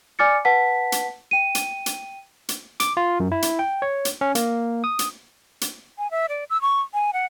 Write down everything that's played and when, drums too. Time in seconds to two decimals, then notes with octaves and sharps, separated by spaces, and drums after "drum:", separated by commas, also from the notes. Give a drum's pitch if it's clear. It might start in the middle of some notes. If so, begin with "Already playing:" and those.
0.19 D5 G#5 D6 F6 A6 C#7
0.45 B4 F#5 A5 B6
0.92 drum: hi-hat
1.31 G5 D#7
1.55 drum: hi-hat
1.86 drum: hi-hat
2.49 drum: hi-hat
2.80 D6, drum: hi-hat
2.97 F4
3.20 F#2
3.32 E4
3.42 drum: hi-hat
3.59 G5
3.82 C#5
4.05 drum: hi-hat
4.21 C#4
4.35 A#3, drum: hi-hat
4.84 D#6
4.99 drum: hi-hat
5.61 drum: hi-hat
5.98 G#5
6.11 E5
6.29 D5
6.50 E6
6.62 C#6
6.94 G#5
7.13 F#5